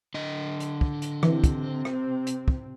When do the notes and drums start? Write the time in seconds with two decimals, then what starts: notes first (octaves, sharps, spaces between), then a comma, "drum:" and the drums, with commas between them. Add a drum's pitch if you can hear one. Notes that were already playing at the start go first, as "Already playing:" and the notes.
0.14 D3 D#5
0.60 drum: hi-hat
0.81 drum: kick
1.02 drum: hi-hat
1.23 C3 E3 C4, drum: rim click
1.44 drum: kick, hi-hat
1.85 drum: rim click
2.27 drum: hi-hat
2.48 drum: kick